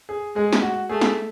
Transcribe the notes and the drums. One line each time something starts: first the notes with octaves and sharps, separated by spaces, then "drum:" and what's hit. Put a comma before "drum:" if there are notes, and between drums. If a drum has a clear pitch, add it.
G#4
G#3 G#4
drum: snare
F#4
A3 G#4
drum: snare